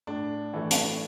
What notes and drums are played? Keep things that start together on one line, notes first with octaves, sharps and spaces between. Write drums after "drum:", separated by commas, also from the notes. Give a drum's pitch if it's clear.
A2 D4
E3 A3
drum: hi-hat